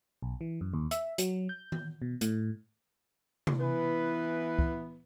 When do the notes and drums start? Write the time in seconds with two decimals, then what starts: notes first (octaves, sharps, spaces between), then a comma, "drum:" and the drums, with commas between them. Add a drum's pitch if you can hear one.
0.22 B1
0.41 E3
0.61 F#2
0.74 D#2
0.91 E5, drum: hi-hat
1.18 F#3, drum: hi-hat
1.49 G6
1.72 drum: tom D#3
2.02 B2
2.21 A2, drum: hi-hat
3.47 drum: tom C3
3.60 E3 B3 B4
4.59 drum: kick